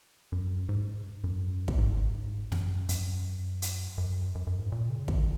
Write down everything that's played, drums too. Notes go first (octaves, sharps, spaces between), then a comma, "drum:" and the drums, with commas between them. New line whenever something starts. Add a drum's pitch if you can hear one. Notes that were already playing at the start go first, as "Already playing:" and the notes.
F#2
G#2
F#2
drum: kick
G#2
F#2, drum: snare
F#2, drum: hi-hat
drum: hi-hat
F#2
F#2
F#2
G#2
A#2
C#3
D#3, drum: kick